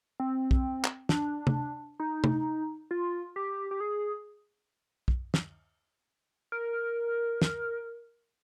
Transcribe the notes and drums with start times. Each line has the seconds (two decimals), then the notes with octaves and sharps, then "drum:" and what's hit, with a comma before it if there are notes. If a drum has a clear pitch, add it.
0.20 C4
0.51 drum: kick
0.84 drum: clap
1.09 D4, drum: snare
1.47 drum: tom C3
2.00 D#4
2.24 drum: tom C3
2.91 F4
3.36 G4
3.71 G4
3.81 G#4
5.08 drum: kick
5.34 drum: snare
6.52 A#4
7.42 drum: snare